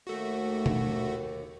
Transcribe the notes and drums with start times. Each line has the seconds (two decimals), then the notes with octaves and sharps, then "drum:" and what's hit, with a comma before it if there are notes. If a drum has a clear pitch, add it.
0.07 D#2 A3 F#4
0.66 drum: tom B2